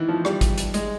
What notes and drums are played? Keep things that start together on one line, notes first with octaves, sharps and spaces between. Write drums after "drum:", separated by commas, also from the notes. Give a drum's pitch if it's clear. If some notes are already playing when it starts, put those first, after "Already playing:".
Already playing: D#3 E3
F3
G3, drum: rim click
drum: kick, hi-hat
drum: hi-hat
G#3, drum: hi-hat